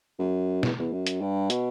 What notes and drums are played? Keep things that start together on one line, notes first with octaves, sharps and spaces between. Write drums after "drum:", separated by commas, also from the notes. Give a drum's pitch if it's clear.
F#2
E2, drum: snare
E2
F#2
drum: hi-hat
G2
B2, drum: hi-hat